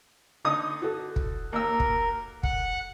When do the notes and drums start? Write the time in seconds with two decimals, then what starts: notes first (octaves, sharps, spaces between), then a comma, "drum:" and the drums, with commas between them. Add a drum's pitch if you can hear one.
0.45 D3 D#4 D#6
0.82 F#4 A4
1.16 drum: kick
1.53 D#2 A#4 E6
1.80 drum: kick
2.43 F#5, drum: kick